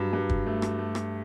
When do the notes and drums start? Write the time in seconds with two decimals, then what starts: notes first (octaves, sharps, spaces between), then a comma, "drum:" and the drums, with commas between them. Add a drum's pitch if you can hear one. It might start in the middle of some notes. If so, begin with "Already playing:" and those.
Already playing: G2 F#3
0.13 G2
0.29 drum: kick
0.46 A3
0.62 drum: rim click
0.79 A3
0.95 drum: rim click